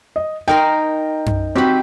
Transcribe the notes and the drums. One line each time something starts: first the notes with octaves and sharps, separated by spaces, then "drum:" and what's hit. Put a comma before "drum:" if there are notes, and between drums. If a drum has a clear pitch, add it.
D#5
D#4 A#4 G5 C6
drum: tom F#2
C4 F#4 G4 B5